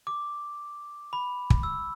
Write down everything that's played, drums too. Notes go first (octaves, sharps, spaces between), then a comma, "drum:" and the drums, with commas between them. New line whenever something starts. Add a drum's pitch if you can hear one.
D6
B5
drum: kick
E6